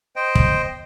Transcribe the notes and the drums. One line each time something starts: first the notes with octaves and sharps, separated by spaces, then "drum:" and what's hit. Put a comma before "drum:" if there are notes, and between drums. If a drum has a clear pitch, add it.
C5 D#5 G5
drum: kick